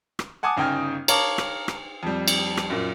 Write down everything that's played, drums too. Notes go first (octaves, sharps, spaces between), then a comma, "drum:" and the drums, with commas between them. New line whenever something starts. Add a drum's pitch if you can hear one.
drum: rim click
F#5 G#5 A5 D6 D#6
G1 C#3 D#4 G5 G#5 F6
A#4 C#5 F5 A5 D6, drum: cymbal
drum: rim click
drum: rim click
F2 G3
drum: cymbal
drum: rim click
F#2 A#2